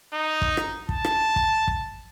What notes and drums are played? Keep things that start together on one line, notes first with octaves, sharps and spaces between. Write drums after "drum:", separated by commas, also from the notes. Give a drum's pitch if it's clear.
D#4
drum: kick
drum: rim click
A5, drum: kick
drum: rim click
drum: kick
drum: kick